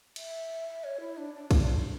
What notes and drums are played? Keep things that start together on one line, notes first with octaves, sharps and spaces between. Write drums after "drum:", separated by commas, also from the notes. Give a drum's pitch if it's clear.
E5, drum: cymbal
C#5
E4
D4
D4
D4, drum: kick, cymbal
F4